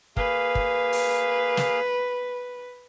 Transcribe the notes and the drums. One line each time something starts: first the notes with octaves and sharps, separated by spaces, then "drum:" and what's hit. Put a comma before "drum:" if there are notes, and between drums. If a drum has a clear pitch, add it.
A#3 G#4 B4 F5, drum: kick
drum: kick
drum: open hi-hat
drum: snare